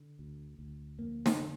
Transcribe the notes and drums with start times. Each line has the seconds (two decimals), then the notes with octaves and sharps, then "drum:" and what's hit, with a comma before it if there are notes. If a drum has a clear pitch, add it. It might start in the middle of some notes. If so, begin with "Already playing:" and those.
Already playing: D3
0.19 D2
0.59 D2
0.99 F2 A#3
1.26 drum: snare
1.40 D3